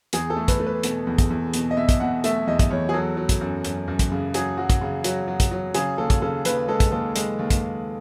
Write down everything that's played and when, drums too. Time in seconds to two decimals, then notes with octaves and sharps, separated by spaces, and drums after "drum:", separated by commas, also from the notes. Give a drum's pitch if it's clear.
0.13 E2 G#4, drum: hi-hat
0.30 A4
0.36 A3
0.48 B4, drum: kick, hi-hat
0.60 A3
0.66 B4
0.83 B2, drum: hi-hat
1.07 E2
1.18 drum: kick, hi-hat
1.30 E2
1.54 B2, drum: hi-hat
1.71 D#5
1.77 B2 E5
1.89 drum: kick, hi-hat
2.00 B2 F#5
2.24 A3 E5, drum: hi-hat
2.47 E2 D#5
2.59 D#5, drum: kick, hi-hat
2.70 E2 C#5
2.89 G#4
2.94 F#3 A4
3.17 F#3
3.29 drum: kick, hi-hat
3.41 F#2
3.65 F#2, drum: hi-hat
3.88 F#2
3.99 drum: kick, hi-hat
4.12 C#3
4.34 F#3 G#4, drum: hi-hat
4.57 F#3 F#4
4.70 drum: kick, hi-hat
4.81 C#3
5.04 F#3 F#4, drum: hi-hat
5.28 F#3
5.40 drum: kick, hi-hat
5.51 F#3
5.74 C#3 G#4, drum: hi-hat
5.98 D#2 A4
6.10 drum: kick, hi-hat
6.22 C#3 A4
6.45 D#2 B4, drum: hi-hat
6.68 G#3 A4
6.80 drum: kick, hi-hat
6.92 D#2 A4
7.16 G#3, drum: hi-hat
7.39 D#2
7.50 drum: kick, hi-hat
7.62 D#2